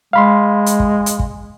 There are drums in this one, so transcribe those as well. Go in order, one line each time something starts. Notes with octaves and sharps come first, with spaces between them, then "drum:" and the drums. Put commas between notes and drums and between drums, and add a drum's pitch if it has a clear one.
G#3 F5 B5 C6
drum: hi-hat
drum: kick
drum: hi-hat
drum: kick